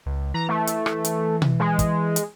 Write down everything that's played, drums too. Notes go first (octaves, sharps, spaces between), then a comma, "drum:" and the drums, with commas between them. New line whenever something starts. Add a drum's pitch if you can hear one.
C#2
E3 A#5
A3
drum: hi-hat
drum: rim click
drum: hi-hat
drum: tom B2
G#3
drum: kick, hi-hat
drum: hi-hat